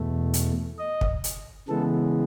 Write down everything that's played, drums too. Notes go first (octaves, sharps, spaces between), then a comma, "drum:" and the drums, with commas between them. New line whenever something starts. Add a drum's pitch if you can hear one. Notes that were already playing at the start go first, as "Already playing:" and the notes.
Already playing: E2 B2 A3
drum: hi-hat
D#5
drum: kick
drum: hi-hat
C#3 E3 G#3 B3 A4